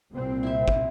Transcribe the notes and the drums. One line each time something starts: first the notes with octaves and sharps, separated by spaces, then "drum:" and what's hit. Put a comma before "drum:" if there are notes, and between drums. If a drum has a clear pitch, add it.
C2 A#2 C4
E4 E5
drum: kick